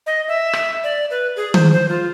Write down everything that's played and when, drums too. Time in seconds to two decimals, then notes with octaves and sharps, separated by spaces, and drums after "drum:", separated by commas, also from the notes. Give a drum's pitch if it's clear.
0.06 D#5
0.28 E5
0.53 drum: rim click
0.84 D5
1.11 B4
1.36 G#4
1.54 C5, drum: tom D#3
1.72 C5
1.89 F4